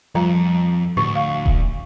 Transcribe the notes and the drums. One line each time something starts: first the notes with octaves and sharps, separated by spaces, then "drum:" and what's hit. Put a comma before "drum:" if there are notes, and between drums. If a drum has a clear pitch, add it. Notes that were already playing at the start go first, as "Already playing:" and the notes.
F2 F3 G3 A#5
D2 A2 C#6
F5
drum: kick D#1